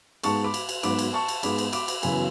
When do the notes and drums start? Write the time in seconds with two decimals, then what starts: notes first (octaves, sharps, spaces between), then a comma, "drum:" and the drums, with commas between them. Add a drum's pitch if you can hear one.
0.23 G#2 G#3 B3 A5 C#6, drum: cymbal
0.44 B5 D6
0.54 drum: cymbal
0.69 drum: cymbal
0.83 G#2 F#3 B3 B5 D6, drum: cymbal
0.99 drum: cymbal
1.13 A5 C#6
1.28 drum: cymbal
1.43 G#2 G#3 B3 B5 D6, drum: cymbal
1.58 drum: cymbal
1.73 B5 D6, drum: cymbal
1.88 drum: cymbal
2.03 F#2 C#3 E3 B3 G#5 B5, drum: cymbal